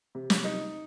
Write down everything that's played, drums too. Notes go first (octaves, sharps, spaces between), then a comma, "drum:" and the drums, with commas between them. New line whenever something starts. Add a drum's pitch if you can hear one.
C3
drum: snare
D#4